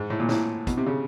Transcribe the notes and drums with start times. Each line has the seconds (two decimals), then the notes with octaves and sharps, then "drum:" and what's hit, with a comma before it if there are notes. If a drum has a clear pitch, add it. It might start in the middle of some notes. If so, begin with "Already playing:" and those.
Already playing: G#2
0.10 A2
0.20 A#2
0.29 A2, drum: snare
0.67 B2, drum: kick, hi-hat
0.77 C3
0.86 C#3